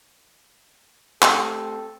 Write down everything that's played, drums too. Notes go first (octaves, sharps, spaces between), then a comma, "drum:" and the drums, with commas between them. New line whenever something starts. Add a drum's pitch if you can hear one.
A3 C4 G4 A4, drum: clap